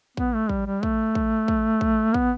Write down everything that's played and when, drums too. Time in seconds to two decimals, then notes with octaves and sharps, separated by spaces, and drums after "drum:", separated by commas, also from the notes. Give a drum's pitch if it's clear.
0.17 B3, drum: kick
0.34 A3
0.49 G3, drum: kick
0.67 G3
0.83 A3, drum: kick
1.15 drum: kick
1.48 drum: kick
1.81 drum: kick
2.14 B3, drum: kick